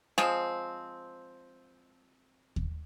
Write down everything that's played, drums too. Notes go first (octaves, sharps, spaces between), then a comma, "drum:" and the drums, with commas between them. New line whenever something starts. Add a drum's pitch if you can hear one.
F3 G#3 C4, drum: rim click
drum: kick D#2